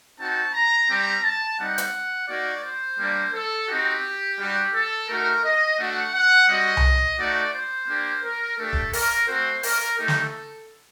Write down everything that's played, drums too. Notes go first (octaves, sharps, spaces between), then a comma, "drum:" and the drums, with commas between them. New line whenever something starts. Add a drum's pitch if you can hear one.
C4 D#4 F#4 A5
A#5
G3 C4 G4 A#5
A5
G3 C4 D#4 F#5
drum: hi-hat
A#3 D#4 F#4 D5
C5
G3 A#3 D4
A4
C4 D#4 F#4 G4
G3 D4 F#4
A4
A3 D#4 F#4 A#4
D#5
A3 D4 F#4 F#5
F#5
G3 C4 F#4 D#5
drum: tom C2
A3 D#4 F#4 D5
C5
A#3 D4 G4
A#4
A3 D4 G4 A4
drum: kick
A#4, drum: open hi-hat
A3 C4 F#4 C5
A#4, drum: open hi-hat
A3 D#4 G4 A4
drum: snare